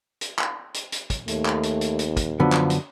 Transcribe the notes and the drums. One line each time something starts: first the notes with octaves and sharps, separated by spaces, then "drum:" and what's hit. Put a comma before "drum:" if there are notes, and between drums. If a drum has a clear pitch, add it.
drum: hi-hat
drum: clap
drum: hi-hat
drum: hi-hat
drum: kick, hi-hat
D#2 A3, drum: hi-hat
drum: clap
drum: hi-hat
drum: hi-hat
drum: hi-hat
drum: kick, hi-hat
F#2 D3 F3 B3
drum: clap
drum: hi-hat